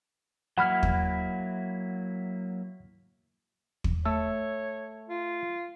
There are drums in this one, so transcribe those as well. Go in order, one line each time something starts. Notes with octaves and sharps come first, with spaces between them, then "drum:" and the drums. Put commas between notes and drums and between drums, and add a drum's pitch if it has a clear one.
F#3 A#3 E4 F#5 B5 F6
drum: kick
drum: kick
A3 A4 C#5
F4